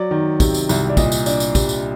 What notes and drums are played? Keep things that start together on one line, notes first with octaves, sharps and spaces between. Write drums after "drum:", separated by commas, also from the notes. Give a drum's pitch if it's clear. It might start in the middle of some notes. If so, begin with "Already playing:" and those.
Already playing: F#3 D5
D#3
C3, drum: kick, tambourine
drum: tambourine
C2, drum: tambourine
D5
A#2 D#5, drum: kick, tambourine
drum: tambourine
D4, drum: tambourine
drum: tambourine
G3, drum: kick, tambourine
drum: tambourine